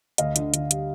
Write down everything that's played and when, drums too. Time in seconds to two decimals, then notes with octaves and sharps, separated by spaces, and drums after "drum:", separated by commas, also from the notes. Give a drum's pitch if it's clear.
0.18 D2 D#5 F5, drum: hi-hat
0.36 D3, drum: hi-hat
0.54 D3, drum: hi-hat
0.71 G3, drum: hi-hat